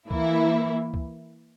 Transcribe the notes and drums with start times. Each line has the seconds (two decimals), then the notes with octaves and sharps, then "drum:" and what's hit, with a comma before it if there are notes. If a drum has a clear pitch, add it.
0.11 E3 A#3 E4, drum: kick
0.94 drum: kick